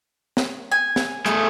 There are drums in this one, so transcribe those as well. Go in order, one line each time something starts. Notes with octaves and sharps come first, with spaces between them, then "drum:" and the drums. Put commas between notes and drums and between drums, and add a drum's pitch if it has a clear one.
drum: snare
G#5
drum: snare
A3 G#4, drum: hi-hat